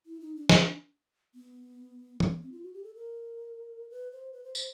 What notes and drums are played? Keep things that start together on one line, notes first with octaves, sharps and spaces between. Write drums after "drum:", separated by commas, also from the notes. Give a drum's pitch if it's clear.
E4
D#4
D4
D4, drum: snare
B3
C#4, drum: tom
B3
C4
F4
F#4
G4
A4
A#4
B4
C5
B4
C5
C5, drum: tambourine